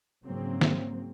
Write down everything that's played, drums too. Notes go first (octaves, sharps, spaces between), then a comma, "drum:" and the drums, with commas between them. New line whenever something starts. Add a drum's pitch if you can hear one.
G#2 C#3 F#3 A#3 C4
drum: snare